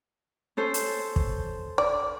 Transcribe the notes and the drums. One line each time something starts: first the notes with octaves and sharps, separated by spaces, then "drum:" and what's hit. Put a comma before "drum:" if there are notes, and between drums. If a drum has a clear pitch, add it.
C#4 A4 C5
drum: hi-hat
drum: kick
D5